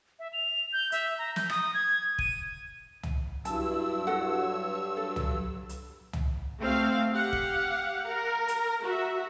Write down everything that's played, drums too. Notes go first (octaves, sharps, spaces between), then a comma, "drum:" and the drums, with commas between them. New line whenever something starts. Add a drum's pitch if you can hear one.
E5
F7
G6
E5, drum: hi-hat
A#5
G6, drum: snare
D#6, drum: rim click
G#6
D#7, drum: kick
drum: tom
G2 F#3 E4 A5 E6, drum: hi-hat
F#4 A4 C#5 F#5
F#3 A4
drum: tom
drum: hi-hat
drum: tom
A3 C4 F#4 F5
G4 F5 F#5
drum: kick
A#4
drum: hi-hat
F#4 E5